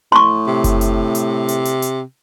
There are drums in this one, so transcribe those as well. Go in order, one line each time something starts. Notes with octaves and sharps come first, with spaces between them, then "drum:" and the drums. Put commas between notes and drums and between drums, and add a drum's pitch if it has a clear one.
A2 C6 C#6
C3
drum: kick F#1, hi-hat
drum: hi-hat
drum: hi-hat
drum: hi-hat
drum: hi-hat
drum: hi-hat